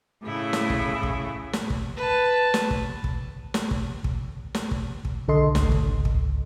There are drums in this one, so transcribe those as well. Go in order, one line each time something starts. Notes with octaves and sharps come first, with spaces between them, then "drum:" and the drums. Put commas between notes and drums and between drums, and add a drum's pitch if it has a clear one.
A2 C#3 E4
drum: snare
drum: kick
drum: kick
drum: snare
drum: kick
B4 A5
drum: snare
drum: kick
drum: kick
drum: snare
drum: kick
drum: kick
drum: snare
drum: kick
drum: kick
B1 D3 A4 D#5 C6
G#1 C#2, drum: snare
drum: kick
drum: kick